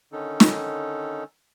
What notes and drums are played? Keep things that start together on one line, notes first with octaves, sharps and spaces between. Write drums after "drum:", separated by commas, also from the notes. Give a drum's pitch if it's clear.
D3 D#3 C#4 D#4 A4
drum: snare